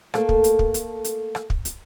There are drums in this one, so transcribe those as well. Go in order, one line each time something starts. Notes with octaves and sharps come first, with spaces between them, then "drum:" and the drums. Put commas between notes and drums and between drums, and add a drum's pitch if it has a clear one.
A3 A#3 A4, drum: rim click
drum: kick
drum: hi-hat
drum: kick
drum: hi-hat
drum: hi-hat
drum: rim click
drum: kick
drum: hi-hat